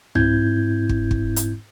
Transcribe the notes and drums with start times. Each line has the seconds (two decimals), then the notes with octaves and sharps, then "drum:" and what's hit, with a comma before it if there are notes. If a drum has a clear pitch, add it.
0.15 G#2 C4 E4 G6 G#6, drum: tom C2
0.89 drum: kick
1.11 drum: kick
1.36 drum: hi-hat